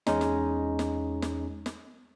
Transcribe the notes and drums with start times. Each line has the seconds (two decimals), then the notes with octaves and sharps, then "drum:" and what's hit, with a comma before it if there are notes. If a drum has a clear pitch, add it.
0.07 E2 G#3 C#4 D#4, drum: snare
0.21 drum: snare
0.79 drum: snare
1.22 drum: snare
1.66 drum: snare